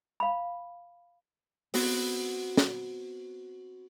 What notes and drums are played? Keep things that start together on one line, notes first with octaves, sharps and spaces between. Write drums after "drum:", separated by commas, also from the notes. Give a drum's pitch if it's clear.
F5 B5
B3 C4 F#4, drum: open hi-hat
drum: snare